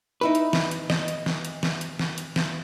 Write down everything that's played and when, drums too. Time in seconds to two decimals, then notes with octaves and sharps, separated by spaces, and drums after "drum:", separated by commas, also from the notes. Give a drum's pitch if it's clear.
0.21 D#4 E4 B4
0.35 drum: hi-hat
0.53 drum: snare
0.71 drum: hi-hat
0.90 D#5, drum: snare
1.08 drum: hi-hat
1.26 drum: snare
1.45 drum: hi-hat
1.63 drum: snare
1.81 drum: hi-hat
1.99 drum: snare
2.18 drum: hi-hat
2.36 drum: snare